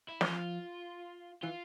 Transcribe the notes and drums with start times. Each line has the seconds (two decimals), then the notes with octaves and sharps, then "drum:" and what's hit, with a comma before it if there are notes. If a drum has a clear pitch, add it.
0.09 E4
0.21 F3 F4, drum: snare
1.43 E3 F4